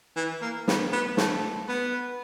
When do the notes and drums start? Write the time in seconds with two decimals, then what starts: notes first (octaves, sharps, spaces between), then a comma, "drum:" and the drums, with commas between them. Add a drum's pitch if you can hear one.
0.16 E3
0.42 A#3
0.68 B3, drum: snare
0.93 B3
1.17 A3, drum: snare
1.68 B3